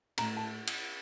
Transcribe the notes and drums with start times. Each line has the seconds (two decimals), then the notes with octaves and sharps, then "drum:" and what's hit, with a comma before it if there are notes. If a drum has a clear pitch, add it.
0.18 A2 A#5, drum: cymbal
0.37 A5
0.67 drum: cymbal